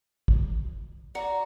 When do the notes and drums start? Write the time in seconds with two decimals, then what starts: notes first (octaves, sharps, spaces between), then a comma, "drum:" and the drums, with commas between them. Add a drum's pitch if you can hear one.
0.28 drum: kick
1.15 F#4 D5 A#5